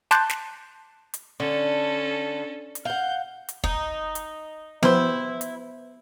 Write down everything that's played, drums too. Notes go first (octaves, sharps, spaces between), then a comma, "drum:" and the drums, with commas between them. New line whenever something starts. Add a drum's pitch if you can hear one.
A5 C6 D6 F#6 G6 A6, drum: snare
drum: snare
drum: hi-hat
D3 C#4 A4
drum: hi-hat
F5 F#5 G6
drum: hi-hat
D#4, drum: kick
drum: hi-hat
B3 E4 G4 C5, drum: tom F3
drum: hi-hat